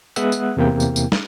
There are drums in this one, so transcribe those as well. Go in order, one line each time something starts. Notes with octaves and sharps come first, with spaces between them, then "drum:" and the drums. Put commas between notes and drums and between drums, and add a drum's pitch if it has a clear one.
G#3 B3 E5 F#5 D#6 F#6, drum: tambourine
drum: tambourine
E2 C3 A#3 E4 G5
drum: tambourine
drum: tambourine
drum: snare